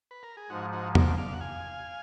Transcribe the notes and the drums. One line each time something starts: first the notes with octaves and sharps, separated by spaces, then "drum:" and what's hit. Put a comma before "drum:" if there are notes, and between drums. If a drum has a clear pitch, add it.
B4
A#4
G#4
G#2 F3 G#3 D#4 F#4
D#4 F#4
A#4 D5, drum: tom E2
D5 F5
F#5
F5 G#5